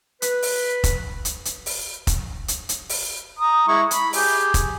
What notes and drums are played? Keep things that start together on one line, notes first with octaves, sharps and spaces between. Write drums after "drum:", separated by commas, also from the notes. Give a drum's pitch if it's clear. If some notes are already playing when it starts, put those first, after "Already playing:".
B4, drum: hi-hat
drum: open hi-hat
drum: kick F1, hi-hat
drum: hi-hat
drum: hi-hat
drum: open hi-hat
drum: kick F1, hi-hat
drum: hi-hat
drum: hi-hat
drum: open hi-hat
A#5 D#6
G#3 E4 C#6
B5, drum: hi-hat
G4 G#4, drum: open hi-hat
drum: kick F1, hi-hat